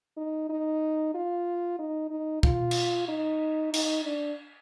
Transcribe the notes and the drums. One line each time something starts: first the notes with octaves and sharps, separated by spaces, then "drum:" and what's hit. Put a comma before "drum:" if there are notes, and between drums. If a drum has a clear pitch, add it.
D#4
D#4
F4
D#4
D#4
F4, drum: kick
drum: cymbal
D#4
D#4, drum: cymbal
D4